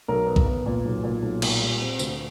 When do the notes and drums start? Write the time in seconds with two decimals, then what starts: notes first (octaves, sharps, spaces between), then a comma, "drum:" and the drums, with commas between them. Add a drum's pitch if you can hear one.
0.08 B1 A#4
0.26 B3
0.36 drum: kick
0.46 B3
0.66 A#2
0.85 B1
1.04 A#2
1.22 B1
1.42 A#2, drum: cymbal
1.62 G3
1.81 C4
1.99 D2, drum: tambourine